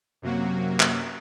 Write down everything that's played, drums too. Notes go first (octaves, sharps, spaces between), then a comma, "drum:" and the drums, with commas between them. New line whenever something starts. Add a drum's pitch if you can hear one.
F#2 C3 F#3 A#3 F#4
drum: clap